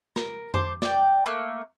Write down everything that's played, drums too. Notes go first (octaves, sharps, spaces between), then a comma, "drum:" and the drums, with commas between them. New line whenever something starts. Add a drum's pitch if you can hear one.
A#4, drum: snare
C5 A5 D6, drum: tom F2
D5 G5, drum: snare
A3 A#3 F#6